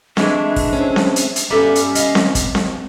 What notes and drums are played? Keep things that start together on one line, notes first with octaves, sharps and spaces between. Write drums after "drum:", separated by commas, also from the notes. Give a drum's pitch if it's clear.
E3 G#3 A3 D4, drum: snare C4
drum: kick, open hi-hat
C4 C#4
drum: snare C4
drum: hi-hat
drum: hi-hat
G2 G3 B3 C#4 A4 E5 A#5
drum: hi-hat
D#5 F5, drum: hi-hat
drum: snare C4
drum: kick, hi-hat
drum: snare C4